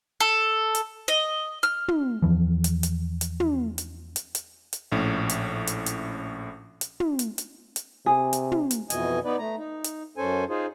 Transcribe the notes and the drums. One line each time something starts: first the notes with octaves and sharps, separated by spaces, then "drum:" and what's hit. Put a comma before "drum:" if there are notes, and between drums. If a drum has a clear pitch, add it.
A4
drum: hi-hat
D#5
F6
drum: tom
E2 E3 F3
drum: hi-hat
drum: hi-hat
drum: hi-hat
drum: tom
drum: hi-hat
drum: hi-hat
drum: hi-hat
drum: hi-hat
A#1 A2 C#4
drum: hi-hat
drum: hi-hat
drum: hi-hat
drum: hi-hat
drum: tom
drum: hi-hat
drum: hi-hat
drum: hi-hat
C3 G#4
drum: hi-hat
drum: tom
drum: hi-hat
F2 B2 E3 D#5 G#5, drum: hi-hat
B3 D#4 B4 D5
A3 A#5
D#4
drum: hi-hat
F#2 C#4 A4 C5 G#5
D#4 F4 G#4 C5